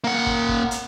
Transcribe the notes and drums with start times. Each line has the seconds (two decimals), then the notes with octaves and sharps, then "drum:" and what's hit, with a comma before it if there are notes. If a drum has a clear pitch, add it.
0.04 A#3 F#5
0.26 drum: kick
0.49 drum: kick
0.71 drum: hi-hat